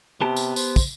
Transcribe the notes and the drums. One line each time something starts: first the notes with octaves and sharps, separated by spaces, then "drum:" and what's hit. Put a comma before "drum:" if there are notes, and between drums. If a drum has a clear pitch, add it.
C3 B3 G4 A5
drum: tambourine
C5, drum: tambourine
drum: kick, tambourine